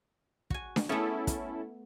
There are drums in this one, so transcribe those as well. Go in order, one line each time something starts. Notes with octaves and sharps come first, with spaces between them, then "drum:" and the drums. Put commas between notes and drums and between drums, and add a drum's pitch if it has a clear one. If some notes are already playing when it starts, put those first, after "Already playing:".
F#4 G#5, drum: kick
drum: snare D4
A3 B3 C#4 E4 A4
drum: kick, hi-hat